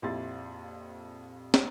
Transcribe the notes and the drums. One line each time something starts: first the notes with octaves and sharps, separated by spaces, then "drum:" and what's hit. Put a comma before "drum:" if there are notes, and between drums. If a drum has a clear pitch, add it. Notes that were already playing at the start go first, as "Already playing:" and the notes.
A#1 F2 E4 G4 C6 A6
drum: snare